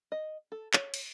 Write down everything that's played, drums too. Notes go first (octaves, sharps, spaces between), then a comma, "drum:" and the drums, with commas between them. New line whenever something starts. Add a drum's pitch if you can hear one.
D#5
A4
C#5, drum: clap
drum: cymbal